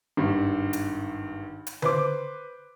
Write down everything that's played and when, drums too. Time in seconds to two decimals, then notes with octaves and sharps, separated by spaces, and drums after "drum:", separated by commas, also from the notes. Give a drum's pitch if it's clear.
0.17 G#1 G2
0.73 drum: hi-hat
1.67 drum: hi-hat
1.82 B4 C5 D6, drum: tom D3